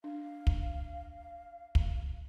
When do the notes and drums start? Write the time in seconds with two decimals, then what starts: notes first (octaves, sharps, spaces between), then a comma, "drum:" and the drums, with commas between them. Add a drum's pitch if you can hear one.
0.04 D4 F5
0.47 drum: kick
1.75 drum: kick